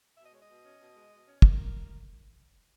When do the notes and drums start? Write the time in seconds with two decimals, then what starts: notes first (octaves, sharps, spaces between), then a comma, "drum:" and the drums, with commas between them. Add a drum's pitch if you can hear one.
0.16 B2 E5
0.23 D#5
0.31 G#3 C#5
0.40 D#5
0.48 B2
0.63 C#4
0.80 B2
0.95 G#3
1.11 B2
1.27 C#4
1.42 G#2 A#4, drum: kick